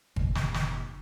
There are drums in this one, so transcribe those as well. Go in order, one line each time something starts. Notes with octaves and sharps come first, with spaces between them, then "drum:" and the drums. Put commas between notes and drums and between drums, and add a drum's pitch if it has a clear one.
F1 A#2, drum: kick G#1
drum: snare
drum: snare